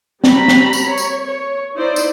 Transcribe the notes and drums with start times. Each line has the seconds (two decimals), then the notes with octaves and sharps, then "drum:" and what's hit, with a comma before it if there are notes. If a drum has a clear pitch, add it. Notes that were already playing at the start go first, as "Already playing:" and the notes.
0.24 G3 C4 F#4 A#5 B5, drum: snare
0.48 drum: snare
0.73 drum: tambourine
0.87 C#5
0.98 drum: tambourine
1.27 C#5
1.76 D#4 E4 C5 D5
1.96 drum: tambourine